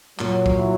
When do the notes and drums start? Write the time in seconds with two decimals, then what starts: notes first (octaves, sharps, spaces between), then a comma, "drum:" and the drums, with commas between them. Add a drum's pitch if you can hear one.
0.19 A#2 F#3, drum: clap
0.46 drum: kick
0.58 E4